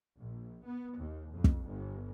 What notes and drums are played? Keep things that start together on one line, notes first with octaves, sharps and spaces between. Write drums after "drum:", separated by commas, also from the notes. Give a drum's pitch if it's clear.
A#1
B3
D#2
F2
drum: kick
G1